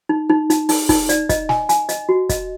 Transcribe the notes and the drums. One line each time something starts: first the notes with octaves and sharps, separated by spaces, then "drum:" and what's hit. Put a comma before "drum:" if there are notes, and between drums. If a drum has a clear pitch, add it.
D#4
D#4
D#4, drum: hi-hat
D#4, drum: open hi-hat
D#4, drum: kick, open hi-hat
D5, drum: hi-hat
D#5, drum: kick, hi-hat
G#5, drum: snare
G#5, drum: hi-hat
D#5, drum: hi-hat
F#4
D#5, drum: kick, hi-hat